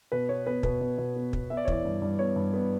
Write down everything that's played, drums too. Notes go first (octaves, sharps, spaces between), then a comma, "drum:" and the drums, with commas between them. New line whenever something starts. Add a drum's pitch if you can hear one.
B2 B4
B3 C#5
B3 B4
B2 B4, drum: kick
B2
B2
B3
B3, drum: kick
B3 E5
D5
C#5
E3 D5, drum: kick
G2
G2
B3 C#5
G2
B3